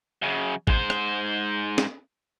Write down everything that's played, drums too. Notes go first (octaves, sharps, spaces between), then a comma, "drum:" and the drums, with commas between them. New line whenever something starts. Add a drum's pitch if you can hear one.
F#2 C#3
G#2 C5, drum: kick
drum: rim click
drum: snare